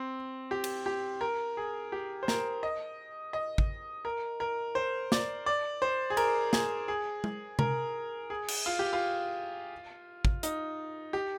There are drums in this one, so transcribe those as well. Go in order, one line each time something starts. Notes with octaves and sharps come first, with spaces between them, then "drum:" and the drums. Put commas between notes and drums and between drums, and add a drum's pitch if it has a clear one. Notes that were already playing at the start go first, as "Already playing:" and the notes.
Already playing: C4
G4
drum: cymbal
G4
A#4
G#4
G4
C5
A#4, drum: snare
D#5
D#5
drum: kick
A#4
A#4
C5
D5, drum: snare
D5
C5
G#4
A#4, drum: cymbal
G#4, drum: snare
G#4
drum: tom
A#4, drum: tom C3
G#4
drum: cymbal
F4
G4
F4
drum: kick
D#4, drum: hi-hat
G4